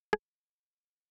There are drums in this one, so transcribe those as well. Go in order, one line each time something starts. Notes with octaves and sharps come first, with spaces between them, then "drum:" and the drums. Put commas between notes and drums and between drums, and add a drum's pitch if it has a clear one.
E3 A#3 B3, drum: rim click